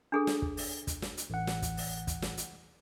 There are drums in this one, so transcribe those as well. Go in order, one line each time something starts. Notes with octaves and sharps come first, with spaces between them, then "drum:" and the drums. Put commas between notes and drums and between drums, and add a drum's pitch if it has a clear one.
D4 G#4 A4
drum: snare
drum: kick
drum: open hi-hat
drum: kick, hi-hat
drum: snare
drum: hi-hat
A1 F#5
drum: snare
drum: kick, hi-hat
drum: open hi-hat
drum: kick, hi-hat
drum: snare
drum: hi-hat